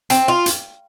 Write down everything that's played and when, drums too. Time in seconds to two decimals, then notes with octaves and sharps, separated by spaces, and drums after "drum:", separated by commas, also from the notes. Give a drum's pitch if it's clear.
0.10 C4, drum: hi-hat
0.28 F4
0.46 drum: hi-hat